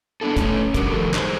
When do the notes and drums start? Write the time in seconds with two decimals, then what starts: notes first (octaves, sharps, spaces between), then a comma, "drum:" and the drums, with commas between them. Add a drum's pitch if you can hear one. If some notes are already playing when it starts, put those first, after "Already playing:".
0.21 B3 D4 E4 A4
0.37 A3 C#4, drum: kick, hi-hat
0.74 G2 F#4 G4 A#4, drum: kick, hi-hat
0.91 A2 D#3 F3 A4 A#4
1.14 D#4 C5 D#5, drum: clap